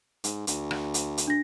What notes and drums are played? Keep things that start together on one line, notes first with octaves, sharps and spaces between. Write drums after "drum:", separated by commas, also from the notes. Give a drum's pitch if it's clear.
G#2, drum: hi-hat
D2, drum: hi-hat
drum: rim click
drum: hi-hat
drum: hi-hat
D4 A#6